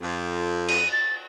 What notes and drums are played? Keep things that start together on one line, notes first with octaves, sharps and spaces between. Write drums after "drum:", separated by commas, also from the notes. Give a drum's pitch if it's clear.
F2
D#7, drum: cymbal
A6